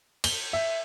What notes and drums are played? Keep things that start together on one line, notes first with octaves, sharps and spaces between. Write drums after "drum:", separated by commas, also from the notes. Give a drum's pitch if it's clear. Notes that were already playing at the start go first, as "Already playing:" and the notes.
G7, drum: cymbal
E5